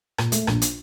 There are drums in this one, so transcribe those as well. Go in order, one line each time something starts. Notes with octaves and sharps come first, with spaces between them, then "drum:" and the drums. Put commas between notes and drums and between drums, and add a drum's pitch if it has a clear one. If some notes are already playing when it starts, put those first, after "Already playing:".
A#2, drum: rim click
A3, drum: hi-hat
A#1, drum: rim click
drum: hi-hat